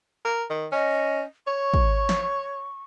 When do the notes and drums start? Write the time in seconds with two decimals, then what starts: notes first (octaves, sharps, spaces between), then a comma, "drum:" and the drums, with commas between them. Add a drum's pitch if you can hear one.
0.25 A#4
0.50 D#3
0.72 C#4 D#5
1.47 C#5 C#6
1.74 drum: kick
2.09 drum: snare